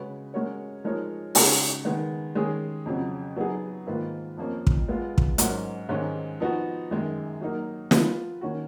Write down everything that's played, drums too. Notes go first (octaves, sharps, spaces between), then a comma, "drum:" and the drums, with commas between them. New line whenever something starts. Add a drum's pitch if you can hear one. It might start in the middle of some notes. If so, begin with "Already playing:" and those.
Already playing: C#3 G#3 C#4 F#4 B4
G#3 C#4 F#4 A#4 C#5
F3 G#3 D#4 A#4 C#5
C#3 G#3 D#4 F#4, drum: open hi-hat
D#3 G#3 B3
D#3 G#3 C#4 G#4
F2 C#3 F#3
F#3 B3 D#4 G#4
G#2 D#3 A#3 F4 B4
F2 F3 A#3 C#4
drum: kick
G#3 B3 F4
drum: kick
G#2 F#3 C#4 F#4 A#4, drum: hi-hat
G#2 D#3 G#3 C#4
F3 B3 D#4 F#4
F#2 D#3 G#3
F#3 A#3 D#4 A#4
F3 B3 F4 B4, drum: snare
D#3 A#3 C#4 F#4